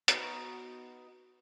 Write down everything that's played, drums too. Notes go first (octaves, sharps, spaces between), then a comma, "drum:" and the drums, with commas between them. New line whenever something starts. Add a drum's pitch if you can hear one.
B3 D#4 F#4 D#5, drum: hi-hat